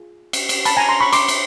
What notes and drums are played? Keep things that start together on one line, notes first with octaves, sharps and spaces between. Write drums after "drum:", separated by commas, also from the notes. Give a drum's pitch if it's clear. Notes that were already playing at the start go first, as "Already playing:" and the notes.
Already playing: F4 G#4
drum: cymbal
drum: cymbal
A5 B5, drum: cymbal
G#5 A#5
A#5 C6
B5 C#6
C6 D6, drum: cymbal
drum: cymbal